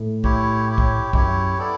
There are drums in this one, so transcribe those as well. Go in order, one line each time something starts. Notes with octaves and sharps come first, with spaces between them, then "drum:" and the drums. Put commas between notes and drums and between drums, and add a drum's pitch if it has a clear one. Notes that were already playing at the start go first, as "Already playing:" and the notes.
Already playing: A2
E4 G4 C#5, drum: kick
E4 G4 C#5
drum: kick
F#2 E4 G4 C#5, drum: kick
B3 E4 A4 D5